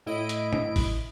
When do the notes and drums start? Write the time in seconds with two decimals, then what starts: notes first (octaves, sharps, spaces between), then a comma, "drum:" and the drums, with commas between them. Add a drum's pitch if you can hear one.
0.06 A2 E4 D#5 D7
0.29 drum: hi-hat
0.53 drum: tom
0.76 drum: kick G#1, open hi-hat